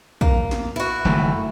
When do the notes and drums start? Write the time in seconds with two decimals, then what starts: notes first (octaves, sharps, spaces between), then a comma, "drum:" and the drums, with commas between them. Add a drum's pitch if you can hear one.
0.21 A#3, drum: kick
0.51 drum: snare
0.76 E4 F#4
1.05 F#1 D#3 A3